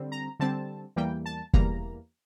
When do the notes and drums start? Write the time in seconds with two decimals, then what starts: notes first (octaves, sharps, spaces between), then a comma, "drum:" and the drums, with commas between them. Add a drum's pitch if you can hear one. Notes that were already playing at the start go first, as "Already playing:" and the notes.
Already playing: D3 G3 C4
0.12 A#5
0.40 D3 G3 C4 A5
0.96 E2 E3 G3 A#3 G5
1.26 A5
1.53 E2 E3 G3 A#3 A#5, drum: kick